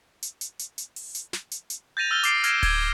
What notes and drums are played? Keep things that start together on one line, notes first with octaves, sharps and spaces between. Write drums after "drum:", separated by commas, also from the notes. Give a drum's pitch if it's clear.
drum: hi-hat
drum: hi-hat
drum: hi-hat
drum: hi-hat
drum: open hi-hat
drum: hi-hat
drum: snare
drum: hi-hat
drum: hi-hat
G6 A6 A#6 D#7 F7
E6 F6 G6 A6 F7 G7
D6 A6 C7 D7, drum: hi-hat
F6 G#6 A#6 C7 D7 E7, drum: hi-hat
G#6 A6 D#7, drum: kick D1, open hi-hat